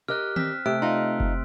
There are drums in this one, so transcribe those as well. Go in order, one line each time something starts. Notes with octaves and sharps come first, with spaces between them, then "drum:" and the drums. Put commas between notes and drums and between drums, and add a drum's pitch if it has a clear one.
G4 A#4 D#5 F6 F#6
C4 F6 B6, drum: tom D#3
C3 A3 E6 F#6 D7
D#4 F4 C6
drum: kick F#1